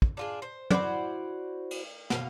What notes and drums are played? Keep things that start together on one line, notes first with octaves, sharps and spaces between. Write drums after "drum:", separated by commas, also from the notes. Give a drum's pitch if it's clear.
drum: kick
D4 F4 G#4
C5
E4 F#4 C5 D5, drum: tom
drum: cymbal
B2 A4 F5, drum: snare